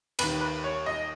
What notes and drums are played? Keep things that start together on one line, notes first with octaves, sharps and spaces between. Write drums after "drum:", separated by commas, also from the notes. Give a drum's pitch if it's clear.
D#2 D#3 B4, drum: cymbal
B4
C#5
D#5